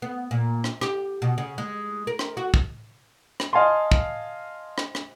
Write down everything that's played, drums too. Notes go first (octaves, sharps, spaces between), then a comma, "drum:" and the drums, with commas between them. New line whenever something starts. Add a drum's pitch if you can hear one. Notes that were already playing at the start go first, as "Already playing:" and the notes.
B3
A#2
drum: rim click
G4, drum: rim click
B2
C#3
G#3
A#4
drum: rim click
F#4
drum: kick
drum: rim click
D#5 F5 G#5 A5 C6
drum: kick
drum: rim click
drum: rim click